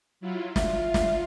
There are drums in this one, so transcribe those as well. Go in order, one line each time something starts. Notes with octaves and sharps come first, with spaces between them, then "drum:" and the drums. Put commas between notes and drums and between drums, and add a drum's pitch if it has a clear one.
F#3 E4 F4
F4 E5, drum: snare
drum: snare